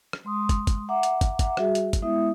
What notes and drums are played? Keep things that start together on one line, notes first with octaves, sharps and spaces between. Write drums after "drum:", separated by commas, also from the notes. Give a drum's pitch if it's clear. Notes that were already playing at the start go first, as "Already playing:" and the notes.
drum: rim click
G#3 C6 D#6
drum: kick, hi-hat
drum: kick, hi-hat
E5 F#5 A#5 D6
drum: hi-hat
drum: kick, hi-hat
drum: kick, hi-hat
G3 F#4 G#4 E5, drum: rim click
drum: hi-hat
drum: kick, hi-hat
G#3 B3 E4 E5 D#6